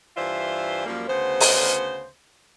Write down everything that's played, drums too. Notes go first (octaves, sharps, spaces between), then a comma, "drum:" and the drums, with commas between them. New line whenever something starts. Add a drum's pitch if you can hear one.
G2 E3 F4 C5 D5 E5
F#2 F3 G3 A#3
D2 C#3 B3 C5
drum: open hi-hat